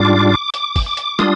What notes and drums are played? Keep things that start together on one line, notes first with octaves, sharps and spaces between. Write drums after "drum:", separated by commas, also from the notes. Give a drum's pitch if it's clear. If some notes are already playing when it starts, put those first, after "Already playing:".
Already playing: G#2 G3 D4 F4 D6
D6, drum: hi-hat
drum: kick, open hi-hat
D6
drum: hi-hat
G3 D4 F4 D#6, drum: snare